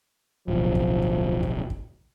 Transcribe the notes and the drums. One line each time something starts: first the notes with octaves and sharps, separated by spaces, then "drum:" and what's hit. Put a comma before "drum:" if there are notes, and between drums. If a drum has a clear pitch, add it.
D1 B1 F3
drum: kick
drum: kick
drum: kick
drum: kick